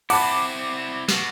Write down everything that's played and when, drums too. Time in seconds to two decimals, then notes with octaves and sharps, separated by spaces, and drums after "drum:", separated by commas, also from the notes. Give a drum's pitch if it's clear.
0.10 C4 E4 F#5 A5 B5 D6, drum: cymbal
1.09 B3 F#4, drum: snare